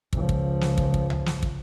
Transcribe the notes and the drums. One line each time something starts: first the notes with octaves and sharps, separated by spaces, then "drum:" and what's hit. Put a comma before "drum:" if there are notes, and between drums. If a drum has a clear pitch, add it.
C#2 F3, drum: kick
drum: kick
drum: snare
drum: kick
drum: kick
drum: tom C2
drum: snare
drum: kick